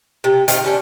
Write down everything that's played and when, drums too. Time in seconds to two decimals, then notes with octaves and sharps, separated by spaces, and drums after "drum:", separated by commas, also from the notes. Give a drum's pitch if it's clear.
0.24 C3
0.48 D#3 C4 F4, drum: hi-hat
0.64 G3 C#4 D4